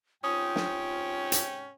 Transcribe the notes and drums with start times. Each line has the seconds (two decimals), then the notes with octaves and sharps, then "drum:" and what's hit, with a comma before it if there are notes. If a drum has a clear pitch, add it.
0.24 G#2 C3 C#4 F4 G5 C#6 D#6
0.56 drum: snare
1.32 drum: hi-hat